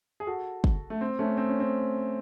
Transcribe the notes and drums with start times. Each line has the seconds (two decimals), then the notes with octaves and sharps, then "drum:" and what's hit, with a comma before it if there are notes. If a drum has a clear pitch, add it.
0.20 G#4
0.27 F#4 A4
0.64 drum: kick
0.90 A3
1.01 C4
1.19 A3 C#4
1.37 C4
1.49 C#4
1.60 C4